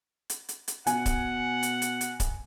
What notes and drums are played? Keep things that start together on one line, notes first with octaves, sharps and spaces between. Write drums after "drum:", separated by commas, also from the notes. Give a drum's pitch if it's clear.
drum: hi-hat
drum: hi-hat
drum: hi-hat
B2 F#5 G#5, drum: hi-hat
drum: kick C#1, hi-hat
drum: hi-hat
drum: hi-hat
drum: hi-hat
drum: kick C#1, hi-hat